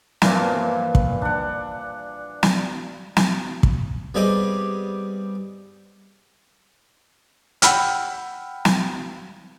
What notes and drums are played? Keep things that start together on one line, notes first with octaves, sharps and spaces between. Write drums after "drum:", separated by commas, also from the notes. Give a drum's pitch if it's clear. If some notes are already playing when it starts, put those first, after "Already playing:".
G2 A#2 E3 F3, drum: snare
drum: kick
D4 F#5
drum: snare
drum: snare
drum: kick
G3 B3 C4 G4 G#4 D#5
F#5 G5 B5 E6 F6, drum: hi-hat
drum: snare